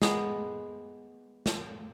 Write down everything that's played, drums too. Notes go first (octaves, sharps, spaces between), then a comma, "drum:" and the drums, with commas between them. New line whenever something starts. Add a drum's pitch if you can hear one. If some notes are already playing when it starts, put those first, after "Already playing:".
G#3 B3, drum: snare
drum: snare